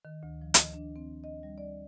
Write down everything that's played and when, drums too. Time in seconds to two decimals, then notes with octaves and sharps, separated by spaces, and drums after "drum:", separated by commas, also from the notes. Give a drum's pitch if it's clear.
0.05 D#3
0.23 D2
0.42 F3
0.54 D#5, drum: hi-hat
0.74 D4
0.96 C4
1.24 D#5
1.43 G3
1.58 D5